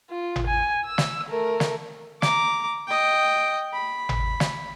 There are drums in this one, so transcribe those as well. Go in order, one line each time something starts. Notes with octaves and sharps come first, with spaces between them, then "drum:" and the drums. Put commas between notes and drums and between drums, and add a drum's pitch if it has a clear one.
F4
drum: tom G#1
G#5
E6
drum: snare
A3 A#4
drum: snare
A#5 D6, drum: snare
D#5 G5
B5
drum: tom G#1
drum: snare